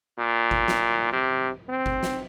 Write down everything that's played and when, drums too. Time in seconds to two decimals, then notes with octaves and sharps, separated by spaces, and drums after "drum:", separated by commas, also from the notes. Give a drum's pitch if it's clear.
0.18 A#2
0.51 drum: kick G1
0.68 drum: snare
1.13 C3
1.69 C4
1.86 drum: kick G1
2.03 drum: snare